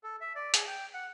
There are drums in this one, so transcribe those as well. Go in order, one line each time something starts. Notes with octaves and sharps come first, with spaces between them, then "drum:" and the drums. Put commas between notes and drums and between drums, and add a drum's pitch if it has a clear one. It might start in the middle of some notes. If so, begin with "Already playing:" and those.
A4
E5
D5
G#4, drum: hi-hat
G5
F#5